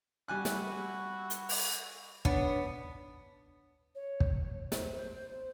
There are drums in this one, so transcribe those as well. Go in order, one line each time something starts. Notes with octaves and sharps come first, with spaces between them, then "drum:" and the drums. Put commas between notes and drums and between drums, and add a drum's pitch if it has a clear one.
G3 E4 F#4 G#5 F#6
drum: snare
drum: hi-hat
drum: open hi-hat
B3 D4 C#5, drum: kick
C#5
drum: kick
C5, drum: snare